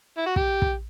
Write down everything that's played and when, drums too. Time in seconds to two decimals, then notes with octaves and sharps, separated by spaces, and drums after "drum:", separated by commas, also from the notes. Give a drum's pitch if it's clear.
0.17 E4
0.26 F#4
0.36 G4, drum: kick
0.62 drum: kick